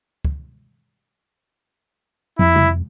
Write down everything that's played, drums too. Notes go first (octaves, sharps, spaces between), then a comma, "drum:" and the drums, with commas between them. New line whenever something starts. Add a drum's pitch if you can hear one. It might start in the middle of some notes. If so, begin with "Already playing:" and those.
drum: kick
F2 E4, drum: tom
drum: tom C3